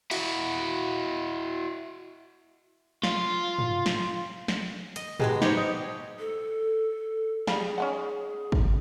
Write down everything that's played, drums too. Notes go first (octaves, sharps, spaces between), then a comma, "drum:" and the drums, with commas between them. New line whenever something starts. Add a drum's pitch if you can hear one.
E4 F#4, drum: cymbal
F4, drum: snare
drum: tom G2
drum: snare
drum: snare
D#5, drum: hi-hat
B2 F#3 G#3 G4 G#4 G#5, drum: tom G#2
D#4 G4 C5 C#5, drum: snare
D#5
A4
G3 F4 G#4 B5, drum: snare
C#4 D#4 F#5
drum: kick